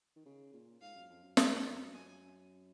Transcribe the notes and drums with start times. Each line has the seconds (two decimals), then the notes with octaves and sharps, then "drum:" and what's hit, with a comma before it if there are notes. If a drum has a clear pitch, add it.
0.16 D#3
0.26 C#3
0.53 A#2
0.81 G#2 F5
0.95 F#2
1.09 F2
1.23 F#2
1.37 G#2 F#5, drum: snare
1.51 F2
1.65 F2
1.79 F#2
1.93 G#5